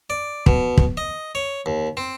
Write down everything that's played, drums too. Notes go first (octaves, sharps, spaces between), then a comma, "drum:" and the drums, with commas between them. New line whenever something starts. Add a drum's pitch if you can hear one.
D5
B2, drum: kick
drum: kick
D#5
C#5
D#2
C4